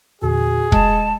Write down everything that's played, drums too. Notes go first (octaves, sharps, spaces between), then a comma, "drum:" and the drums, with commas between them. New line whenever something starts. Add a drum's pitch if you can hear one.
E2 A#2 D3 F#4 G#4
G#3 D#5 A5, drum: kick